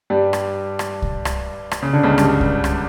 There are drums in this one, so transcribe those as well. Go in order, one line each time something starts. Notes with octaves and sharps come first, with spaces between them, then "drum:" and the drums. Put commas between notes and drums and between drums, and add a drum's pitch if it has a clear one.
G2 G3
drum: rim click
drum: rim click
drum: kick C2
drum: rim click
drum: rim click
C#3
D3
C#2 C#3
G2, drum: rim click
drum: kick C2
drum: rim click